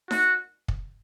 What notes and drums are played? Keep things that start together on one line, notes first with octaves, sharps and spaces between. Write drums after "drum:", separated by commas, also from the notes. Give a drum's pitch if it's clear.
F#4, drum: snare D#4
drum: kick